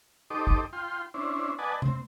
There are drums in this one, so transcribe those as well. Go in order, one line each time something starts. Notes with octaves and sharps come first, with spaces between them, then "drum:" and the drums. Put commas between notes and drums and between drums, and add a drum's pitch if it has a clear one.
D#4 G4 A4 C5 D#5 D6
drum: kick
F4 G5 C6
C#4 D4 E4 C5
B4 D5 D#5 F#5 G#5 A5
C4, drum: tom C3